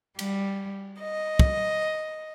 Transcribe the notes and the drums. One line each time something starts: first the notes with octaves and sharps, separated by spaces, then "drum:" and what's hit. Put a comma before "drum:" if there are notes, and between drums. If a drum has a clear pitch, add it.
G3, drum: cymbal
D#5
drum: kick